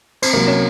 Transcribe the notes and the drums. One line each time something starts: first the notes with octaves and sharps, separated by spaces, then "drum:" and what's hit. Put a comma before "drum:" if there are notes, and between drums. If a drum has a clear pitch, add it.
C4, drum: cymbal
C2 C3 F#3 A#3
C#4